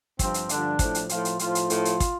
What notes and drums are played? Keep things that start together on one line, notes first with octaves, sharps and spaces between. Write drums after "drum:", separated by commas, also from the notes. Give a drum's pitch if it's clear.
G2 F3 C4, drum: kick, hi-hat
drum: hi-hat
G2 D3 F3 D4, drum: hi-hat
A2 F3, drum: kick, hi-hat
drum: hi-hat
A2 F3 F4, drum: hi-hat
drum: hi-hat
A2 F3 F4, drum: hi-hat
drum: hi-hat
A2 F3, drum: hi-hat
drum: hi-hat
drum: kick, hi-hat